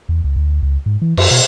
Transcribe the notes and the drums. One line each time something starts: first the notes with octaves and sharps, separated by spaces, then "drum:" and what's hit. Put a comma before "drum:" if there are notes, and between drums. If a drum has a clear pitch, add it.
E2
C#2
D2
C#2
G#2
E3
F#2, drum: cymbal
B2